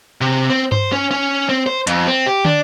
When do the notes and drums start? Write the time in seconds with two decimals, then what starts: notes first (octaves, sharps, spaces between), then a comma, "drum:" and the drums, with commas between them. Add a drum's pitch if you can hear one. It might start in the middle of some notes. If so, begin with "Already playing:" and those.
0.21 C3
0.50 C4
0.72 C5, drum: tom G2
0.92 C#4
1.11 C#4
1.49 C4
1.67 C5
1.87 F2, drum: hi-hat
2.07 C4
2.26 G4
2.45 D4, drum: tom